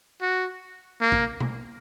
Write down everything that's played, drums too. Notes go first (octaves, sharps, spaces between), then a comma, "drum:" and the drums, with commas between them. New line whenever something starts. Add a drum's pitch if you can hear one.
F#4
A#3
drum: kick
drum: tom B2